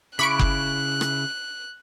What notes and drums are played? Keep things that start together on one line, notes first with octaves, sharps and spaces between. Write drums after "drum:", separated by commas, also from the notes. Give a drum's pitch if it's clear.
C#3 E4 B5 C#6 D6 F#6 D7
drum: kick F#1
drum: rim click